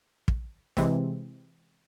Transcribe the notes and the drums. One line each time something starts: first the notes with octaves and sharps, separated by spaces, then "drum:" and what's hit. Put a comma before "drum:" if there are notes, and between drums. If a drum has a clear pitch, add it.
drum: kick
C3 E3 G#3 C4, drum: snare